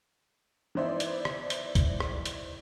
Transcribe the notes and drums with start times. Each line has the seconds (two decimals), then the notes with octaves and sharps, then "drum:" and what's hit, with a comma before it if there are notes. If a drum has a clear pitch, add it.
0.75 E3 B3 D#4 C5 D5 E5
1.00 drum: hi-hat
1.25 drum: rim click
1.50 drum: hi-hat
1.75 drum: kick, hi-hat
2.00 drum: rim click
2.26 drum: hi-hat